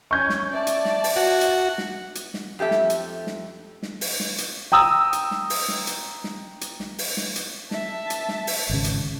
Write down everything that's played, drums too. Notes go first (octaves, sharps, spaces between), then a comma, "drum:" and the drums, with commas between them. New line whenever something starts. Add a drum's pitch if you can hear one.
C#4 C#6 G6 G#6
drum: snare
D5 E5 A5
drum: hi-hat
drum: snare
drum: open hi-hat
F#4
drum: hi-hat
drum: snare
drum: hi-hat
drum: snare
F2 G4 A4 E5
drum: snare
drum: hi-hat
drum: snare
drum: snare
drum: open hi-hat
drum: snare
drum: hi-hat
G5 A#5 D#6 E6
drum: hi-hat
drum: snare
drum: open hi-hat
drum: snare
drum: hi-hat
drum: snare
drum: hi-hat
drum: snare
drum: open hi-hat
drum: snare
drum: hi-hat
E5 A5, drum: snare
drum: hi-hat
drum: snare
drum: open hi-hat
G#1 C#3
drum: hi-hat